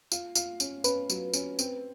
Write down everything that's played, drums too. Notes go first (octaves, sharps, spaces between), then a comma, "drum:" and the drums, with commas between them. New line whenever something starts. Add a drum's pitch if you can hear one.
F4, drum: tambourine
F4, drum: tambourine
C#4, drum: tambourine
C#4 B4, drum: tambourine
F#3, drum: tambourine
C#4, drum: tambourine
C4, drum: tambourine